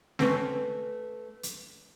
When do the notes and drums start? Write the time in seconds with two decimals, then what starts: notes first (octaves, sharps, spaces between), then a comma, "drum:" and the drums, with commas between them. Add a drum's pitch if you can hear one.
0.19 A3 C4 C#4 B4, drum: snare G#3
1.43 drum: hi-hat